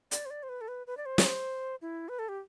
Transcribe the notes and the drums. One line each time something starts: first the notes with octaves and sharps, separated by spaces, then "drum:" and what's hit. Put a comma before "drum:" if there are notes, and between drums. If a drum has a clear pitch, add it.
D5, drum: hi-hat
C5
D5
C5
B4
A4
B4
B4
D5
C5
D5, drum: snare
C5
E4
B4
A4
G4